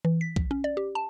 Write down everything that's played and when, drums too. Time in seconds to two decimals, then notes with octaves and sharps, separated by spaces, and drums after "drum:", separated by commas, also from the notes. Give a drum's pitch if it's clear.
0.05 E3
0.21 B6
0.36 A#1, drum: kick C#2
0.51 C#4
0.64 D5
0.77 G4
0.95 A5